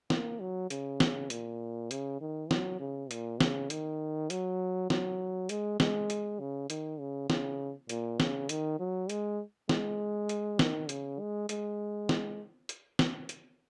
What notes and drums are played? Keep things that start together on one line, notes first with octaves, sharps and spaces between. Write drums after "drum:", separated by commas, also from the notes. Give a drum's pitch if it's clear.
A#3, drum: snare
F#3
C#3, drum: hi-hat
drum: snare
A#2, drum: hi-hat
C#3, drum: hi-hat
D#3
F#3, drum: snare
C#3
A#2, drum: hi-hat
C#3, drum: snare
D#3, drum: hi-hat
F#3, drum: hi-hat
F#3, drum: snare
G#3, drum: hi-hat
G#3, drum: snare
drum: hi-hat
C#3
D#3, drum: hi-hat
C#3
C#3, drum: snare
A#2, drum: hi-hat
C#3, drum: snare
D#3, drum: hi-hat
F#3
G#3, drum: hi-hat
G#3, drum: snare
drum: hi-hat
D#3, drum: snare
C#3, drum: hi-hat
G#3
G#3, drum: hi-hat
drum: snare
drum: hi-hat
drum: snare
drum: hi-hat